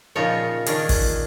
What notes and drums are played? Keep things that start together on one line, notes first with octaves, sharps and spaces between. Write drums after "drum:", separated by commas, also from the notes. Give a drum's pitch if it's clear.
A#2 C#3 F3 D#4 F4 C#5
D#3 C#4 D4 G#4, drum: hi-hat
drum: kick, open hi-hat